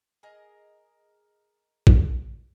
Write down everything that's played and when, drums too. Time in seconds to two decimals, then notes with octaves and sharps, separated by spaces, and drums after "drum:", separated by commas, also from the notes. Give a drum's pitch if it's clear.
0.23 G#4 A#4 D#5
1.87 drum: kick